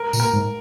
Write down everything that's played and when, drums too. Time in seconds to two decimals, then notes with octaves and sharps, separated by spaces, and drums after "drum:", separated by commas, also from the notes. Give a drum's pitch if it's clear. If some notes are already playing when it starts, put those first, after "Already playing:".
Already playing: A#4
0.13 A#2, drum: tambourine
0.20 A#4
0.33 G#2